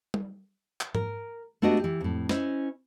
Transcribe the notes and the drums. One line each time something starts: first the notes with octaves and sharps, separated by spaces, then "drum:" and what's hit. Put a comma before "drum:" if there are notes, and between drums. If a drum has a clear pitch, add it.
drum: tom
drum: clap
A#4, drum: tom G#2
A3 B3 D4 F#4 G4 D#5
E3 G4
F2 A2
C#4 E4 C5 D#5, drum: snare